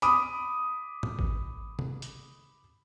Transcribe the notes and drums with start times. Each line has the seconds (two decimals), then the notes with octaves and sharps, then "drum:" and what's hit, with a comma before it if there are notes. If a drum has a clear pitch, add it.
0.02 B5 D6 D#6, drum: hi-hat
1.03 drum: tom A2
1.19 drum: kick G#1
1.79 drum: tom C3
2.02 drum: hi-hat